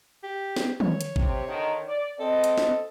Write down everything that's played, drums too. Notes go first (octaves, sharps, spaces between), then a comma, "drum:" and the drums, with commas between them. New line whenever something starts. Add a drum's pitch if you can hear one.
G4
drum: snare
C#5, drum: tom
drum: hi-hat
C3, drum: kick G#1
D3 D#3
D5
C4 A4 D#5
drum: hi-hat
drum: snare